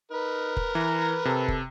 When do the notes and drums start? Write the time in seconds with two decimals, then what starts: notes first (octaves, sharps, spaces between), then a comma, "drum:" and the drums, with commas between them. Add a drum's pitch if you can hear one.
0.11 D#4 A#4 B4
0.57 drum: kick
0.75 E3 A#5
1.25 C3 A4
1.48 drum: kick